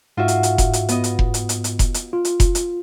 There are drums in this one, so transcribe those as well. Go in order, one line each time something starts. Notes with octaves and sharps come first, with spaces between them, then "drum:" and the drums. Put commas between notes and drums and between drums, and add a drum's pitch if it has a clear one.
G#2 F4 F#4 E5
drum: hi-hat
drum: hi-hat
drum: kick F1, hi-hat
drum: hi-hat
B3 D#5, drum: hi-hat
drum: hi-hat
drum: kick F1
drum: hi-hat
drum: hi-hat
drum: hi-hat
drum: kick F1, hi-hat
drum: hi-hat
F4
drum: hi-hat
drum: kick F1, hi-hat
drum: hi-hat